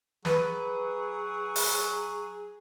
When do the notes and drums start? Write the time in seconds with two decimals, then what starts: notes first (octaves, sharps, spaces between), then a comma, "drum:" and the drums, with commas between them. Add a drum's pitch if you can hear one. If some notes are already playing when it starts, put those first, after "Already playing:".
0.25 F#3 G#4 B4, drum: snare
1.56 drum: open hi-hat